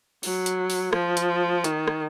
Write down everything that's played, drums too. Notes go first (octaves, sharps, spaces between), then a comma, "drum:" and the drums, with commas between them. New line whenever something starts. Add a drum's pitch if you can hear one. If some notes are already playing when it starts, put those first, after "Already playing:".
F#3, drum: open hi-hat
drum: hi-hat
drum: open hi-hat
F3, drum: rim click
drum: hi-hat
D#3, drum: hi-hat
drum: rim click